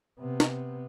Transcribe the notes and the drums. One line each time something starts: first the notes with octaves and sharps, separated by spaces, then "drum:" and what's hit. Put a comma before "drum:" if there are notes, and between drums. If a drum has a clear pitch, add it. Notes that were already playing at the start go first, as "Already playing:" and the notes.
C3 B3
drum: snare